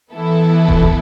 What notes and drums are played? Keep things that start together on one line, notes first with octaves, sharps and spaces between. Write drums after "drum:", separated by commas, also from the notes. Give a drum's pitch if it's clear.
E3 B3 E4 A4
drum: kick
drum: kick